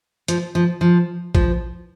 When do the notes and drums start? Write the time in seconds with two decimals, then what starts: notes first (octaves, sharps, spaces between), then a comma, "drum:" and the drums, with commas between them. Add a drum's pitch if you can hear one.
0.28 F3, drum: hi-hat
0.55 F3
0.81 F3
1.35 F3, drum: kick